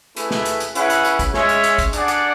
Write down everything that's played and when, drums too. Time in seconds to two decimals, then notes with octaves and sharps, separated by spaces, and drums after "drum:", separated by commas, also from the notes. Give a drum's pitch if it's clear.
0.16 A3 E4 G#4 B4, drum: hi-hat
0.31 drum: snare
0.45 drum: hi-hat
0.60 drum: hi-hat
0.75 C#4 E4 G#4 B4 F#5, drum: hi-hat
0.90 drum: hi-hat
1.05 drum: hi-hat
1.19 drum: kick, hi-hat
1.34 G#3 C#4 G#4 C#5 E5, drum: snare
1.49 drum: hi-hat
1.64 drum: hi-hat
1.78 drum: kick, hi-hat
1.93 D4 G#4 D5 F#5, drum: hi-hat
2.08 drum: hi-hat